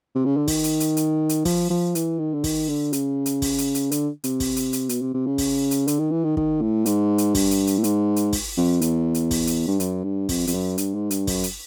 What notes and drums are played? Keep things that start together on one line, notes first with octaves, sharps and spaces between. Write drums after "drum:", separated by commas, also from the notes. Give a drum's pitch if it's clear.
C3
C#3
D3
D#3, drum: kick, open hi-hat
drum: hi-hat
drum: hi-hat
drum: hi-hat
drum: hi-hat
F3, drum: kick, open hi-hat
F3
E3, drum: hi-hat
D#3
D3
D#3, drum: kick, open hi-hat
D3
C#3, drum: hi-hat
drum: hi-hat
drum: kick, open hi-hat
drum: hi-hat
drum: hi-hat
D3, drum: hi-hat
C3, drum: hi-hat
drum: kick, open hi-hat
drum: hi-hat
drum: hi-hat
B2, drum: hi-hat
C3
C3
C#3
drum: kick, open hi-hat
drum: hi-hat
D3, drum: hi-hat
D#3
E3
D#3
D#3, drum: kick
A2
G#2, drum: hi-hat
drum: hi-hat
G2, drum: kick, open hi-hat
drum: hi-hat
drum: hi-hat
A2
G#2, drum: hi-hat
drum: hi-hat
drum: kick, open hi-hat
F2
E2, drum: hi-hat
drum: hi-hat
drum: kick, open hi-hat
drum: hi-hat
G2
F#2, drum: hi-hat
G2
F2, drum: kick, open hi-hat
F2, drum: hi-hat
F#2
G2, drum: hi-hat
G#2
G2, drum: hi-hat
F#2, drum: kick, open hi-hat
drum: hi-hat